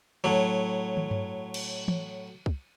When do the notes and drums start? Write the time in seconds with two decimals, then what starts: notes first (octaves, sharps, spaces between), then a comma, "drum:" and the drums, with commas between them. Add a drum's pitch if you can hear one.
0.24 A2 F#3
0.97 drum: tom
1.11 drum: tom G2
1.54 drum: cymbal
1.88 drum: tom E3
2.46 drum: kick